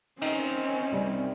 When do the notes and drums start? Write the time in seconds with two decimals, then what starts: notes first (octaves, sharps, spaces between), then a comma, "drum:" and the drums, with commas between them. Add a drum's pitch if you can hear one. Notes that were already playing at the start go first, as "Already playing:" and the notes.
0.21 D#3 C4 C#4 E5, drum: cymbal
0.92 C2 G3